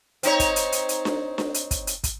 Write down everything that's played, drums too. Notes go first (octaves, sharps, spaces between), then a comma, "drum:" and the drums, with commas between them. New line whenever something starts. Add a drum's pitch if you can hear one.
C4 D#4 C#5, drum: hi-hat
drum: kick, hi-hat
drum: hi-hat
drum: hi-hat
drum: hi-hat
drum: snare D4
drum: snare D4
drum: hi-hat
drum: kick, hi-hat
drum: hi-hat
drum: kick, hi-hat